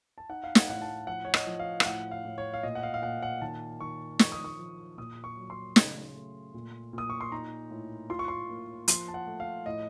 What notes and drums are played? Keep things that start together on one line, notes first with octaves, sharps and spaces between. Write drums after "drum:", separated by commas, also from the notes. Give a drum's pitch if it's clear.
A5
D#4 F#5
F5
F#5, drum: snare
A2 F#5
A5
F3 F#5
C#5
D#5, drum: rim click
F3
F5
F5, drum: rim click
A2 F#5
F5
A2
C#5
F5
A#2 D#5
F#5
F5
F5
A#2 F#5
F#5
D#3 A5
D#3 C#6
F3 C#6, drum: snare
D#6
C#6
F3
A#2 D#6
C#6
F#3
C6
C#3, drum: snare
A3
A#2
A#2 D#6
C#6
C6
D#4 A#5
A2
F4 C6
C#6
C6
A#3
F3 C6, drum: hi-hat
A5
F#5
A3
F5
A2 D#5